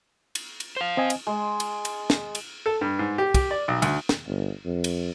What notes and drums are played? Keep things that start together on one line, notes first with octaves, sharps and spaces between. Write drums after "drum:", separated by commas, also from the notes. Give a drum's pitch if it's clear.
drum: cymbal
drum: cymbal
C5 F5
C4 D#5 G#5
drum: cymbal
G#3
drum: cymbal
drum: cymbal
drum: snare
drum: cymbal
A4
G2
G#2
G4
G4, drum: kick, cymbal
D5
B1
D2, drum: cymbal
drum: snare
G1
F2
drum: cymbal